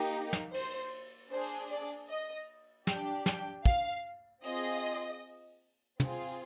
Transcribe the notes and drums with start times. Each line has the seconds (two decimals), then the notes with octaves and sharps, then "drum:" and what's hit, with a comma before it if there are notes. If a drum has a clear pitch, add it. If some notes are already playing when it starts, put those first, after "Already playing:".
Already playing: A#3 D#4 G4
0.33 drum: snare
0.54 C5, drum: cymbal
1.31 D4 G#4 C5
1.41 drum: open hi-hat
1.71 D5
2.09 D#5
2.87 D4 G4 G5, drum: snare
3.26 G5, drum: snare
3.66 F5, drum: kick
4.43 C4 F4 G#4 D#5, drum: open hi-hat
6.00 C4 F4 G#4, drum: tom